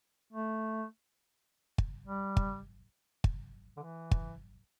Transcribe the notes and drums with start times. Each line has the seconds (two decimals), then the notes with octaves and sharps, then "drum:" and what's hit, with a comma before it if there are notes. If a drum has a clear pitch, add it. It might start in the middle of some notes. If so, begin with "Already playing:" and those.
0.33 A3
1.78 drum: kick
2.07 G3
2.37 drum: kick
3.24 drum: kick
3.77 D3
3.83 E3
4.11 drum: kick